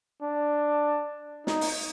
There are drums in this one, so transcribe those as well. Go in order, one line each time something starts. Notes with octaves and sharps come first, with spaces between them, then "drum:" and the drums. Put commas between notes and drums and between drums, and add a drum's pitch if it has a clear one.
D4
D#4, drum: snare
drum: open hi-hat